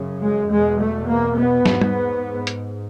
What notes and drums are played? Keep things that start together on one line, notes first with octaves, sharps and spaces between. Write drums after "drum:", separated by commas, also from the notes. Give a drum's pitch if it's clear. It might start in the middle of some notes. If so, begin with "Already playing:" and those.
Already playing: F#2 C#3
G#3
E2 B2 G#3
A3
A#3
B3
G#2, drum: snare
drum: tom
drum: hi-hat